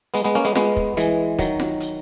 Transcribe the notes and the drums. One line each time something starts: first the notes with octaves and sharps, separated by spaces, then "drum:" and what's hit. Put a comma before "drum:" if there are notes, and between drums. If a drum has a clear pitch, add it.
G#3 B3, drum: hi-hat
G#3 B3
A#3 C#4
G#3 B3
G#3 B3, drum: snare F4
drum: kick
E3 G#3, drum: hi-hat
D#3 F#3, drum: kick, hi-hat
drum: snare F4
drum: hi-hat